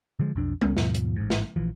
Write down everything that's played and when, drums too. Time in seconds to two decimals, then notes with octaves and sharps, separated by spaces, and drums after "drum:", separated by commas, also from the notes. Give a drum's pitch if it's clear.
0.19 D3 F3 G#3
0.35 B1 F2 D4
0.61 C#2 B3 C#4, drum: tom G3
0.77 D#2 G#2 B2 F3, drum: snare
0.94 drum: hi-hat
1.16 A1 G#2
1.30 drum: snare
1.56 A#1 E3 F3